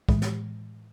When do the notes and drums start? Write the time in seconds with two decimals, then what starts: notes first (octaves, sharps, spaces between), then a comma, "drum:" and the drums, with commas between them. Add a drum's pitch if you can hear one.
0.09 A2 E3 G#3, drum: kick
0.22 drum: snare